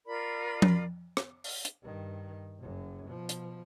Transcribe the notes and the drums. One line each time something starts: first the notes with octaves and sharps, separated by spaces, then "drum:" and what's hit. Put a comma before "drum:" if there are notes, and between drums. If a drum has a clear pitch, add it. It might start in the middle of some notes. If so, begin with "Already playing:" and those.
F4 A#4 D5 B5
drum: tom F3
drum: rim click
drum: open hi-hat
drum: hi-hat
G2 D#3
F#1 F#2
B2 F3
drum: hi-hat